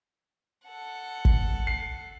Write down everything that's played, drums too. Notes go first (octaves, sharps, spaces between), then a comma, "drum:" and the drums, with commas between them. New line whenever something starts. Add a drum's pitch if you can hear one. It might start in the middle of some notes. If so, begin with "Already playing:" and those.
A4 F#5
drum: kick
C7